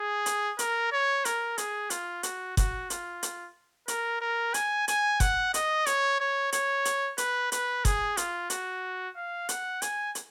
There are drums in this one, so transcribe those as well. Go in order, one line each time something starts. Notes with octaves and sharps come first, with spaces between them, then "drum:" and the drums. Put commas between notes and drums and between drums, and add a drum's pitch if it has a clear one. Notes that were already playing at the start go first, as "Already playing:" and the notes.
Already playing: G#4
drum: hi-hat
A#4, drum: hi-hat
C#5
A#4, drum: hi-hat
G#4, drum: hi-hat
F4, drum: hi-hat
F#4, drum: hi-hat
F#4, drum: kick F#1, hi-hat
F4, drum: hi-hat
drum: hi-hat
A#4, drum: hi-hat
A#4
G#5, drum: hi-hat
G#5, drum: hi-hat
F#5, drum: kick F#1, hi-hat
D#5, drum: hi-hat
C#5, drum: hi-hat
C#5
C#5, drum: hi-hat
drum: hi-hat
B4, drum: hi-hat
B4, drum: hi-hat
G#4, drum: kick F#1, hi-hat
F4, drum: hi-hat
F#4, drum: hi-hat
F5
F#5, drum: hi-hat
G#5, drum: hi-hat
drum: hi-hat